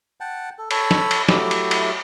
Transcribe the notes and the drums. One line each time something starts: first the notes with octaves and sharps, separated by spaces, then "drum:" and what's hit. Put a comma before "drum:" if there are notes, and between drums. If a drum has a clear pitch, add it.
F#5 G5 A5
A4
A4 C#5 B5, drum: cymbal
drum: snare
drum: cymbal
F#3 A3 E4 G4, drum: snare
drum: cymbal
drum: cymbal